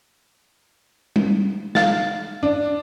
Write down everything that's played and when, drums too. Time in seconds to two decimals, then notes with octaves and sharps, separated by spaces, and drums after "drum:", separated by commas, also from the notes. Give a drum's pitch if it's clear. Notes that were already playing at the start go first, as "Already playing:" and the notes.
1.16 drum: tom G3
1.75 F5 A6, drum: snare
2.43 D4